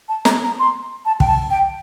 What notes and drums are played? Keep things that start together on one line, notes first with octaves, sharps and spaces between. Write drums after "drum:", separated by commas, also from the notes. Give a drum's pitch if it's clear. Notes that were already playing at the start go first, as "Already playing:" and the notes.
A5
A#5, drum: snare
A#5
C6
A5
G5, drum: kick
A5
G5